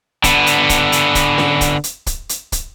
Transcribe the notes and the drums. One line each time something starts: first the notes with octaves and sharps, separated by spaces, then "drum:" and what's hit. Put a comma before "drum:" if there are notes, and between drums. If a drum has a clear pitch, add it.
D3 B3, drum: kick, hi-hat
drum: hi-hat
drum: kick, hi-hat
drum: hi-hat
drum: kick, hi-hat
drum: snare C#4
drum: kick, hi-hat
drum: hi-hat
drum: kick, hi-hat
drum: hi-hat
drum: kick, hi-hat